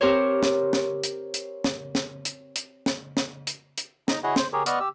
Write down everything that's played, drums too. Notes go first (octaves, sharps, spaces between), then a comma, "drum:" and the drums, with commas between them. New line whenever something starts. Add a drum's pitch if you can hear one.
C4 G4 A#4 C5 C#5
drum: snare
drum: snare
drum: hi-hat
drum: hi-hat
drum: snare
drum: snare
drum: hi-hat
drum: hi-hat
drum: snare
drum: snare
drum: hi-hat
drum: hi-hat
D#4 A#5, drum: snare
E4 F#4 G#4 C#5 D#5 F#5
C5, drum: snare
G4 G#4 A#4 C#5
B3 D5 D#5 F#5 C#6 F6, drum: hi-hat
G4 E6